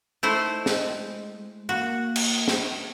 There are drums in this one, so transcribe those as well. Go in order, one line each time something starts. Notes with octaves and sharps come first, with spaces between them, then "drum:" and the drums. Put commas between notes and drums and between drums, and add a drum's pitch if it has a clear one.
A3 D#4 E4 C5
G#3, drum: snare
A#3 F#4
drum: cymbal
drum: snare